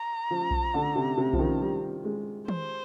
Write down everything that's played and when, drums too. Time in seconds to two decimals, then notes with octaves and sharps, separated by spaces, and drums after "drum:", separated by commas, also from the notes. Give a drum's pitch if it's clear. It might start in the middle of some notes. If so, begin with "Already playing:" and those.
Already playing: A#5
0.31 F3
0.51 drum: kick B1
0.74 D3
0.95 C3
1.18 C3
1.33 F3, drum: kick B1
1.39 D#3
1.61 G3
2.04 G#3
2.48 C5, drum: tom